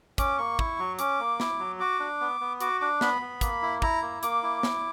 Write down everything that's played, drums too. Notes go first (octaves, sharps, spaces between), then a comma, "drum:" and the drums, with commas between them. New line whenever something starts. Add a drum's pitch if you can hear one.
C#4 D6, drum: kick, hi-hat
A#3 C#6
E4, drum: kick
F#3
C#4 D6, drum: hi-hat
A#3
E4, drum: snare
F#3
F#4 D6
D4
B3
B3
F#4 D6, drum: hi-hat
D4 D6
B3 B5, drum: snare
B3
A#3, drum: kick, hi-hat
E4
E4 A#5, drum: kick
A#3
A#3 D6, drum: hi-hat
E4
E4, drum: snare